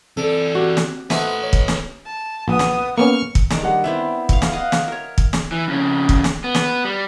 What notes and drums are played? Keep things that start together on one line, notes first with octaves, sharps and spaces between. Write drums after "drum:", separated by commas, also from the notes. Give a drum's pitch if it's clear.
E3 C4 A4 D5
F#4 G4
drum: snare
A3 D#4 F#4 A4 B4 C5 E5 F#5, drum: snare
C#5
drum: kick
drum: snare
A5
A#1 B3 D#6
drum: snare
A#3 B3 C#4 C#6 F6
drum: kick
D#3 D4 A#5, drum: snare
G3 F#5
B3 C4 E4 E5
F5 C#6, drum: kick
drum: snare
D#5 F5 F#5
drum: snare
A#4 C#5
drum: kick
drum: snare
E3
F2 C#3
drum: kick
drum: snare
B3
drum: snare
G3